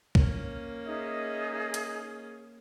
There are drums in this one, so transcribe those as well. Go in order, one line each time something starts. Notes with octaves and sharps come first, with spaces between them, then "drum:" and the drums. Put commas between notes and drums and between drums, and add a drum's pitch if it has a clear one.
A#3 C#4, drum: kick
D#4 G#4 D#5 E5
drum: hi-hat